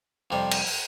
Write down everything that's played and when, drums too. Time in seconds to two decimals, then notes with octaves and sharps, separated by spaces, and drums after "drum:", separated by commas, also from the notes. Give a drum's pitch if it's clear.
0.31 F2 C3 G3
0.51 drum: cymbal
0.67 drum: open hi-hat